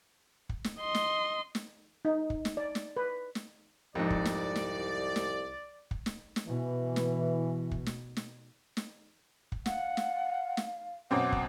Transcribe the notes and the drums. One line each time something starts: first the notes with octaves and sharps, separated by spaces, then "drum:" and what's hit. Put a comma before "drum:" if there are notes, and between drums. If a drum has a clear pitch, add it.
drum: kick
drum: snare
D#5 C6
drum: snare
drum: snare
D#4
drum: kick
drum: snare
D5
drum: snare
B4
drum: snare
C2 F2 G#2 D5
drum: kick
drum: snare
drum: snare
drum: snare
drum: kick
drum: snare
drum: snare
B2 E3
drum: snare
drum: kick
drum: snare
drum: snare
drum: snare
drum: kick
F5 F#5, drum: snare
drum: snare
drum: snare
F#2 B2 C4 F#5 D6
drum: kick